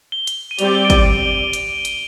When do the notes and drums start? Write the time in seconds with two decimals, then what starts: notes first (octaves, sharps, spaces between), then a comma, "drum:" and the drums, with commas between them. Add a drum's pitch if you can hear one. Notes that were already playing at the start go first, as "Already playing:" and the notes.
0.12 G7
0.27 drum: hi-hat
0.51 D#7
0.59 G3 C4 G4 D5 F7, drum: hi-hat
0.75 G7
0.85 D7
0.90 D#7, drum: kick, hi-hat
1.06 D7
1.53 drum: hi-hat
1.85 drum: hi-hat